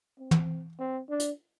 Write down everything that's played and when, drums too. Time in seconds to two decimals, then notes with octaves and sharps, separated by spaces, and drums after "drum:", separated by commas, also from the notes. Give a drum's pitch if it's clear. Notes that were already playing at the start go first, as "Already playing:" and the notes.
0.19 C4
0.31 drum: tom
0.79 C4
1.09 D4
1.19 drum: hi-hat